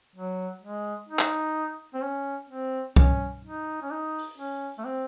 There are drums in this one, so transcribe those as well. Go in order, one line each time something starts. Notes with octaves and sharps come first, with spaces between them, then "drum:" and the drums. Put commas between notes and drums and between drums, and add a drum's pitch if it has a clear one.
F#3
G#3
D#4
drum: clap
C4
C#4
C4
C#4, drum: kick C2
D#4
C#4
D#4
drum: open hi-hat
C#4
A3
C4